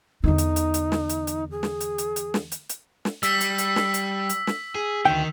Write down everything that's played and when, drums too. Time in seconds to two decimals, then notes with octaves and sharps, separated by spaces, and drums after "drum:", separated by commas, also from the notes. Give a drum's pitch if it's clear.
0.24 E2 D3 D#4
0.38 drum: hi-hat
0.56 drum: hi-hat
0.74 drum: hi-hat
0.92 drum: snare
1.09 drum: hi-hat
1.27 drum: hi-hat
1.51 G#4
1.63 drum: snare
1.81 drum: hi-hat
1.98 drum: hi-hat
2.16 drum: hi-hat
2.34 drum: snare
2.52 drum: hi-hat
2.69 drum: hi-hat
3.05 drum: snare
3.23 G3 E6 B6, drum: hi-hat
3.41 drum: hi-hat
3.58 drum: hi-hat
3.76 drum: snare
3.94 drum: hi-hat
4.29 drum: hi-hat
4.47 drum: snare
4.75 G#4
5.05 D2 D#3 G5